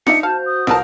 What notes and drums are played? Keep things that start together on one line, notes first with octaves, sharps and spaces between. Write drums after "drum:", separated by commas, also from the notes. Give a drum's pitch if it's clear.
D4 D#4 D5 E5 C#7, drum: snare
F#4 C5 F5 A5 F6 G6
D#6
C2 E4 A#4 B4 A5, drum: snare